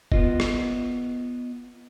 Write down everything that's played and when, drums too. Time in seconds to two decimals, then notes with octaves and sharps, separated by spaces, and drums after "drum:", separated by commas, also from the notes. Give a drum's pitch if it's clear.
0.12 B3 F4 D#5, drum: kick F1
0.40 drum: rim click